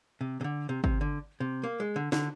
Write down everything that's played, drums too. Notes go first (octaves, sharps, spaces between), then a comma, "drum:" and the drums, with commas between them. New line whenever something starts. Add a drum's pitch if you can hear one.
C3
C3
D3
C3
C3, drum: kick
D3
C3
A#3
G#3
D3
D3, drum: snare